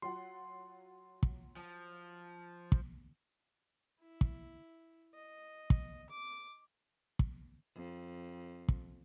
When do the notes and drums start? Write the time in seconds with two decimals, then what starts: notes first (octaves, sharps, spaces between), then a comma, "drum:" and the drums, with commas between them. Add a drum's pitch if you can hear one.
0.02 F#3 F4 F#5 C6
1.23 drum: kick
1.57 F3
2.72 drum: kick
4.01 E4
4.21 drum: kick
5.15 D#5
5.70 drum: kick
6.10 D6
7.19 drum: kick
7.75 F2
8.68 drum: kick